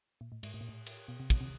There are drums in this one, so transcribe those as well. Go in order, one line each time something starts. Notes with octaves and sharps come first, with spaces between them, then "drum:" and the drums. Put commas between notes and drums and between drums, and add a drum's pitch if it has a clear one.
A#2
A2
G#2, drum: cymbal
A2
A#2
A2
drum: cymbal
B2
C3
B2, drum: kick, cymbal
C3